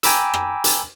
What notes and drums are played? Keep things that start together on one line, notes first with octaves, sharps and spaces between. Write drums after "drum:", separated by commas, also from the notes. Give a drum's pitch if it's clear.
G5 G#5 A#5 B5 D6 E6, drum: hi-hat
drum: rim click
drum: hi-hat